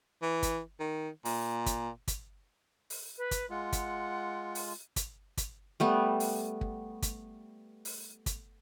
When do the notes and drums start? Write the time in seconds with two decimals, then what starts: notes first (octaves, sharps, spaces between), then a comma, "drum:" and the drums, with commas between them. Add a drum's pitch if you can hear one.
0.22 E3
0.43 drum: kick, hi-hat
0.80 D#3
1.25 A#2, drum: open hi-hat
1.66 drum: kick, hi-hat
2.08 drum: kick, hi-hat
2.90 drum: open hi-hat
3.17 B4
3.31 drum: kick, hi-hat
3.50 G#3 F4 F#5
3.73 drum: kick, hi-hat
4.55 drum: open hi-hat
4.96 drum: kick, hi-hat
5.37 drum: kick, hi-hat
5.80 G3 A3 B3
6.20 drum: open hi-hat
6.61 drum: kick
7.02 drum: kick, hi-hat
7.85 drum: open hi-hat
8.26 drum: kick, hi-hat